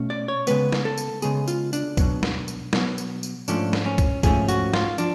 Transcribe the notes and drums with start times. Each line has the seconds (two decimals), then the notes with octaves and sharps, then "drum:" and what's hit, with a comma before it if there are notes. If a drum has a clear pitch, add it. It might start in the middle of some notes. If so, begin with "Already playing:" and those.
Already playing: B2 A3 C#4
0.10 D5
0.28 C#5
0.47 C#3 G#3 B3 B4, drum: tambourine
0.72 drum: snare
0.85 A4
0.98 drum: tambourine
1.22 C#3 G#3 B3 G#4, drum: tambourine
1.48 F4, drum: tambourine
1.73 D4, drum: tambourine
1.97 B2 F#3 B3, drum: kick, tambourine
2.23 drum: snare
2.48 drum: tambourine
2.73 B2 F#3 B3, drum: snare
2.98 drum: tambourine
3.23 drum: tambourine
3.48 G#2 F3 A3 C#4 D4, drum: tambourine
3.73 drum: snare
3.86 C#4
3.98 drum: kick, tambourine
4.23 G#2 F3 A3 C#4 G#4, drum: kick, tambourine
4.48 F#4, drum: tambourine
4.74 F4, drum: snare
4.98 F3 D4, drum: tambourine